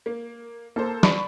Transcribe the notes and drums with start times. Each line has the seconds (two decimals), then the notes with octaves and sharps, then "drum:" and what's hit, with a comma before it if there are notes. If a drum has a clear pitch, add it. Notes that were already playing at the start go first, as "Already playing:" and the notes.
0.06 A#3
0.76 A#3 A4 C5
1.03 D5 B5 C#6, drum: snare